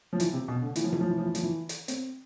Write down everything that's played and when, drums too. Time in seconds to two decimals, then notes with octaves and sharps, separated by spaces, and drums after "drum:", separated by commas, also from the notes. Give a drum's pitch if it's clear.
0.13 F3
0.20 E3, drum: hi-hat
0.33 C3
0.48 B2
0.62 D3
0.76 E3, drum: hi-hat
0.84 F3
0.92 E3, drum: tom C3
1.01 F3
1.10 E3
1.18 F3
1.26 E3
1.35 F3, drum: hi-hat
1.43 E3
1.69 drum: hi-hat
1.88 C4, drum: hi-hat